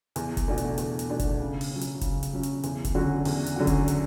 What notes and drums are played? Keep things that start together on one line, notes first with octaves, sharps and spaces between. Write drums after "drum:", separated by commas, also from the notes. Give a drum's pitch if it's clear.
E2, drum: hi-hat
drum: kick F1, hi-hat
B2 A3 D4 F#4
drum: hi-hat
E2, drum: hi-hat
drum: hi-hat
B2 A3 D4 F#4
drum: kick F1, hi-hat
C#3
drum: open hi-hat
F#3 C#4
drum: hi-hat
C#3, drum: kick F1, hi-hat
drum: hi-hat
F#3 C#4
drum: hi-hat
E2, drum: hi-hat
drum: kick F1, hi-hat
D3 F#3 C#4 F#4
E2, drum: open hi-hat
drum: hi-hat
D3 F#3 C#4 F#4
drum: kick F1, hi-hat
drum: hi-hat